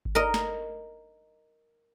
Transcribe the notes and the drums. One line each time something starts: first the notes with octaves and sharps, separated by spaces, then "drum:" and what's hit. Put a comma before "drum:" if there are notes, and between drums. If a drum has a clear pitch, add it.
drum: kick G#1
A#4 D#5
drum: snare